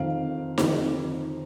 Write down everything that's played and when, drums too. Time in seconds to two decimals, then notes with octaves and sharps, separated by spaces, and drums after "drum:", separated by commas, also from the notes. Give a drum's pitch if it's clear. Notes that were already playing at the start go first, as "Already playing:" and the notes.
Already playing: F2 D#3 F5
0.58 F2 D#3, drum: snare D#4